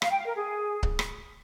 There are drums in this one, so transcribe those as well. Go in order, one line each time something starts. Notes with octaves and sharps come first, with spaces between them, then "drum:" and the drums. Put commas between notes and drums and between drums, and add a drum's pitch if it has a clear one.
F5, drum: rim click
G5
F5
A#4
G#4
drum: kick C#1
drum: rim click